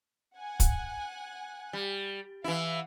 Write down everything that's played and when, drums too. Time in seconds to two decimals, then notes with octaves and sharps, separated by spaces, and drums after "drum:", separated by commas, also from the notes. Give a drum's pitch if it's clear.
0.37 F#5 G#5 F#6
0.60 drum: kick, hi-hat
1.73 G3
2.44 E3 E4 F5 F#5